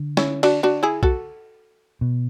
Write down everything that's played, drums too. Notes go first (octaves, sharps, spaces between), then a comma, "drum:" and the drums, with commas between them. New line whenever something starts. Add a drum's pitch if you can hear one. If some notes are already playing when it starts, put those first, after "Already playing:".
Already playing: D3
C#4 E4, drum: snare
D4 F#4, drum: cymbal
D4 F#4
E4 G#4
F#4 A4, drum: kick B1
B2